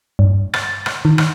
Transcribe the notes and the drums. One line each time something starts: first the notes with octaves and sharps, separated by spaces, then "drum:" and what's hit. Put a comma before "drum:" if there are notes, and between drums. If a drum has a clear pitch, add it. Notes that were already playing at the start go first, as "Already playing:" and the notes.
G2
A6, drum: rim click
drum: rim click
D#3
drum: rim click